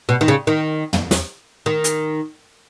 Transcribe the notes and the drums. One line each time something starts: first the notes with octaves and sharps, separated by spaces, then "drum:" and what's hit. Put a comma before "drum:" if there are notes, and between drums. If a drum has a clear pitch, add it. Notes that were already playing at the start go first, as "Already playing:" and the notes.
B2
D#3
C#3
D#3
drum: tom
drum: snare
D#3
drum: hi-hat